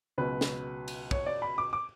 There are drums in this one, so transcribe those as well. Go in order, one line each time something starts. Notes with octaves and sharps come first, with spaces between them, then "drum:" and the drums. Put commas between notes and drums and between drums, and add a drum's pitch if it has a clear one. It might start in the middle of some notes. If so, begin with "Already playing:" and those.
C#2 B2 F#3 B4
drum: snare
drum: cymbal
C#5, drum: kick
D5
B5
D6
D6